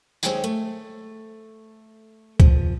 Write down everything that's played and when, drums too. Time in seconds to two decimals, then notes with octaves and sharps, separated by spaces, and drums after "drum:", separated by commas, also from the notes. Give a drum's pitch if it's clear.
0.23 D#2 G#3 C4 C#4 G4 G#5, drum: tambourine
0.44 A3
2.40 F3, drum: kick C#2